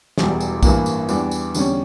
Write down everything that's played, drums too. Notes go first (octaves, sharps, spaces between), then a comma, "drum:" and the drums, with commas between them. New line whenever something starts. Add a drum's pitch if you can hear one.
E1 E2 E3 G3, drum: snare
drum: tambourine
A1 G2 E3 A#3, drum: kick, tambourine
drum: tambourine
E2 E3 G3 D4, drum: tambourine
drum: tambourine
E2 D3 G3 C#4, drum: tambourine